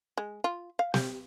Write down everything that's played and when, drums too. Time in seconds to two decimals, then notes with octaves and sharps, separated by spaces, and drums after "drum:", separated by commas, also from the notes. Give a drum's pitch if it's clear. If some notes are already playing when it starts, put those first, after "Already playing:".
0.18 G#3
0.44 F4
0.79 F5
0.94 G4, drum: snare